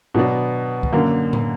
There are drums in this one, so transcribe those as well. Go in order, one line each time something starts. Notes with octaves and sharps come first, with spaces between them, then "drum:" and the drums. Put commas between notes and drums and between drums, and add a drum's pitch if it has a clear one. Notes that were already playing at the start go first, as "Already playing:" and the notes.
B2 F#3 B3 D4
drum: kick
F#2 D3 A#3
drum: tom A2